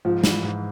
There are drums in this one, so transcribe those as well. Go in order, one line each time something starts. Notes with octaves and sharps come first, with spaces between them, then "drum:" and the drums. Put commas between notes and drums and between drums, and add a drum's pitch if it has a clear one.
G#2 F3
E3, drum: snare
G#2